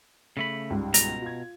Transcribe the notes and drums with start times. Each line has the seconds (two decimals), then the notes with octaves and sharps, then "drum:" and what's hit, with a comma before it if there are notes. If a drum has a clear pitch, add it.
0.37 C#3 A3 B5
0.70 C#2 G#2 G3
0.94 B2 A#5, drum: hi-hat
1.22 F4 G#6